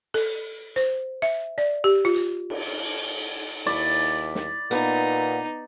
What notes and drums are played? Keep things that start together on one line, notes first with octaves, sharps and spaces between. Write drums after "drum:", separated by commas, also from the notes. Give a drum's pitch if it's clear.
A4, drum: open hi-hat
C5, drum: hi-hat
E5
D5
G4
F4
drum: hi-hat
drum: cymbal
D#2 E4 D5
drum: snare
A#2 B3 D#4